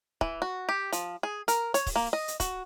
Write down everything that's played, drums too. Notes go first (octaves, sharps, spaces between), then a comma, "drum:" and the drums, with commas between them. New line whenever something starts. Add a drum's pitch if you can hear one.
E3, drum: kick
F#4
G4
F3, drum: hi-hat
G#4
A#4, drum: hi-hat
C#5, drum: hi-hat
drum: kick, open hi-hat
A#3
D#5
drum: hi-hat
F#4, drum: kick, hi-hat